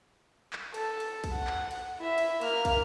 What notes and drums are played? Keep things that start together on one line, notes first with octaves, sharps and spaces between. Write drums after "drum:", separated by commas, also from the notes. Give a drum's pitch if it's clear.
drum: clap
A4, drum: cymbal
drum: cymbal
drum: kick, cymbal
F#5
drum: clap
drum: cymbal
E4 E5
drum: cymbal
A#3 F6, drum: cymbal
drum: kick, cymbal